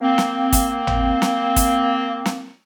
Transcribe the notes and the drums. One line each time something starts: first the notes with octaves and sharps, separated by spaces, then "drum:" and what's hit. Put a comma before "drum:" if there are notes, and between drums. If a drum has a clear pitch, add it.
A#3 C4
drum: snare
drum: kick, hi-hat
drum: tom
drum: snare
drum: kick, hi-hat
drum: snare